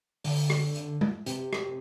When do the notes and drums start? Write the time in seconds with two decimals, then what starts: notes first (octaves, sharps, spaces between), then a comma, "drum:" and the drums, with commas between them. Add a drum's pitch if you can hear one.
0.24 D3, drum: open hi-hat
0.50 drum: rim click
0.76 drum: hi-hat
1.01 drum: tom G#3
1.26 C3, drum: hi-hat
1.53 drum: rim click